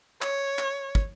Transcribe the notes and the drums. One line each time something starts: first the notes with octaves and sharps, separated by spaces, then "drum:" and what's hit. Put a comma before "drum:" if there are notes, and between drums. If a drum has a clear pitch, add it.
C#5, drum: clap
drum: clap
drum: kick